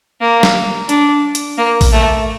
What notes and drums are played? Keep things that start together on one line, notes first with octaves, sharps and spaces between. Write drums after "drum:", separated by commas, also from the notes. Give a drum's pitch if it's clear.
A#3
drum: snare
D4, drum: hi-hat
drum: hi-hat
A#3
drum: kick A1, open hi-hat
A3